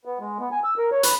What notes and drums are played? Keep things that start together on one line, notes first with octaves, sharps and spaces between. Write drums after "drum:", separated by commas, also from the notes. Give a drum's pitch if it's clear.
B3
G#3
B3
G#5
E6
A#4
C#5
B4, drum: hi-hat